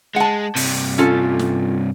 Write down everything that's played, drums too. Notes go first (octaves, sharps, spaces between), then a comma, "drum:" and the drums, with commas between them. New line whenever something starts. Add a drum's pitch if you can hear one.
G#3 F#5 A5
G2 C3, drum: open hi-hat
C#4 F4 A4
drum: snare